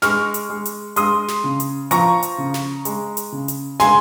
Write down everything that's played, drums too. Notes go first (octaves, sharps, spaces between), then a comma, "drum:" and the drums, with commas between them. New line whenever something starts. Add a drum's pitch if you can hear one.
G#3 C#6 F6, drum: snare
drum: hi-hat
G#3
drum: hi-hat
G#3 C6 D#6, drum: hi-hat
drum: snare
C#3
drum: hi-hat
F3 A#5 C#6, drum: hi-hat
drum: hi-hat
C#3
drum: snare
G#3, drum: hi-hat
drum: hi-hat
C#3
drum: hi-hat
G#3 G#5 C6, drum: snare